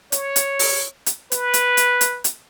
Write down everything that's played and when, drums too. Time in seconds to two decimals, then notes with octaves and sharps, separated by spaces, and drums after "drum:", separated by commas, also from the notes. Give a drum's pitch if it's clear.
0.12 C#5, drum: hi-hat
0.36 drum: hi-hat
0.59 drum: open hi-hat
1.06 drum: hi-hat
1.32 B4, drum: hi-hat
1.54 drum: hi-hat
1.77 drum: hi-hat
2.01 drum: hi-hat
2.24 drum: hi-hat